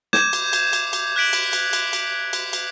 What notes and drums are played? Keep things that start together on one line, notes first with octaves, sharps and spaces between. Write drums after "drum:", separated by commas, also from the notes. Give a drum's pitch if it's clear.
D6 G6 G#6 E7, drum: snare
drum: cymbal
drum: cymbal
drum: cymbal
drum: cymbal
F#6 G#6 B6 D7 F#7
drum: cymbal
drum: cymbal
drum: cymbal
drum: cymbal
drum: cymbal
drum: cymbal